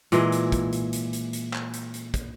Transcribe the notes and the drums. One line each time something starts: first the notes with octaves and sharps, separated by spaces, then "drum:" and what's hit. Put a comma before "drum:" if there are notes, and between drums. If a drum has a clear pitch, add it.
A#2 E3 G#3, drum: hi-hat
drum: hi-hat
drum: kick, hi-hat
drum: hi-hat
drum: hi-hat
drum: hi-hat
drum: hi-hat
drum: clap
drum: hi-hat
drum: hi-hat
drum: kick, hi-hat